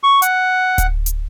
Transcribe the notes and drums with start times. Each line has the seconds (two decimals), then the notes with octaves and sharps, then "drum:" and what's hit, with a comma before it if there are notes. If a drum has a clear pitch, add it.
0.03 C#6
0.22 F#5, drum: hi-hat
0.78 drum: kick D1, hi-hat
1.06 drum: hi-hat